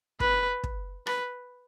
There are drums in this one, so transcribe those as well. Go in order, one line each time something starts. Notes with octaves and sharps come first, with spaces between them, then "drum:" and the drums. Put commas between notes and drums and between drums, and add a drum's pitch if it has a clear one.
B4, drum: kick
drum: kick
B4, drum: rim click